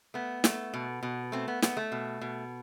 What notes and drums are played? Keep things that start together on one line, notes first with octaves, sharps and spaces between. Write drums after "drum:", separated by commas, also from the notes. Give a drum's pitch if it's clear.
A3 B3
A3, drum: snare
B2
B2
A3 C4
B3
A3 B3, drum: snare
A3
B2
B2